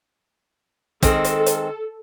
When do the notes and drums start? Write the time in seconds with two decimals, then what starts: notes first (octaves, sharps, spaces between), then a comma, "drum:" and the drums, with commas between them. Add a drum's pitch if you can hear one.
1.03 D#3 G#3 C4 A4, drum: kick, hi-hat
1.24 drum: hi-hat
1.46 drum: hi-hat